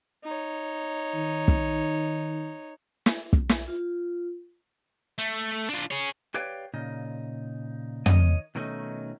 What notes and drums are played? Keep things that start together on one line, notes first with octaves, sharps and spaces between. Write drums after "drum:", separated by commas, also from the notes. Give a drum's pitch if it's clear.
D#4 C#5
D#3
drum: kick
drum: snare
drum: kick
drum: snare
F4
A3
D4 F4
G#4 C#5
G4 B4 C#5 D5 F5 G5
A#2 C#3 D#4
D#3 C#5 D#5, drum: tom
B2 D#3 F#3 A3 C#4 D#4